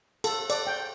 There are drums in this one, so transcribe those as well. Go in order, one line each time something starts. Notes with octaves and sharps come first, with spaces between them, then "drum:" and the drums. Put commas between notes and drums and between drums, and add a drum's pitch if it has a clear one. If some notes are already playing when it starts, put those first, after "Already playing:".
A4, drum: cymbal
D5, drum: cymbal
G5